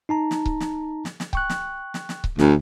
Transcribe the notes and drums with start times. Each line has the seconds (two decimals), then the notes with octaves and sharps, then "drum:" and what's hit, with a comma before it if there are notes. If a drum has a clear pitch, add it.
0.09 D#4 A5 A#5
0.31 drum: snare
0.46 drum: kick C#1
0.60 drum: snare
1.05 drum: snare
1.20 drum: snare
1.33 G5 C#6 F#6, drum: kick C#1
1.49 drum: snare
1.94 drum: snare
2.09 drum: snare
2.24 drum: kick C#1
2.39 D2, drum: snare